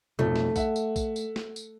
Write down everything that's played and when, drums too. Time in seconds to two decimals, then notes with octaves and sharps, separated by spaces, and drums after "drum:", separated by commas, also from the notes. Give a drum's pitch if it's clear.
0.19 B1 F2 A3
0.36 drum: snare
0.56 E5 F#5, drum: kick, tambourine
0.76 drum: tambourine
0.96 drum: kick, tambourine
1.16 drum: tambourine
1.36 drum: snare
1.56 drum: tambourine